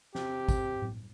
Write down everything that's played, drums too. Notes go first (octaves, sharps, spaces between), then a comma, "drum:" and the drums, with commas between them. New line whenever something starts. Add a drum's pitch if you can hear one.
C3 G4, drum: snare
drum: kick, tambourine
drum: tom A2